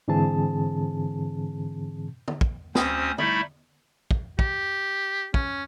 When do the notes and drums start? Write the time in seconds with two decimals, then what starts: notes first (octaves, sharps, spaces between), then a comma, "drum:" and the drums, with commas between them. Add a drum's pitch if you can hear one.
0.08 G#2 D3 E3 C4 G#4 A5
2.28 drum: tom
2.41 drum: kick
2.75 D2 C4 C#4 C5 D#6, drum: snare
3.18 G3 A3 D#4 E4 E5 B5, drum: tom
4.11 drum: kick
4.39 G4, drum: kick
5.34 C#4, drum: kick